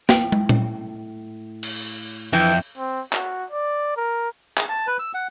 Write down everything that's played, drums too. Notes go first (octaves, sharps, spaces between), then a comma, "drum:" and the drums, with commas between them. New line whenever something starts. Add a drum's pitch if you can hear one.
A2 F5 G5, drum: snare
drum: tom
drum: tom A#2
drum: cymbal
F2 E3 G5
C4
F#4, drum: clap
D5
A#4
G#4, drum: clap
A5
B4
E6
F#5